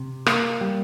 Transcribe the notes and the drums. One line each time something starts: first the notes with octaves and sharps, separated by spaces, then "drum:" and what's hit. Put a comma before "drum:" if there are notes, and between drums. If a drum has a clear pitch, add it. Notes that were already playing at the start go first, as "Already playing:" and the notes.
Already playing: C3
A#3, drum: rim click
G3